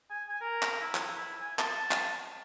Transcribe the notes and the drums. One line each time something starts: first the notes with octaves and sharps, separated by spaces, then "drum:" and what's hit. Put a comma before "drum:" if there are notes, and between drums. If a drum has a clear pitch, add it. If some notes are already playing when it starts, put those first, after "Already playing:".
G#5
G#5
A#4
drum: clap
E4
drum: clap
E4
G#5
A5, drum: clap
drum: clap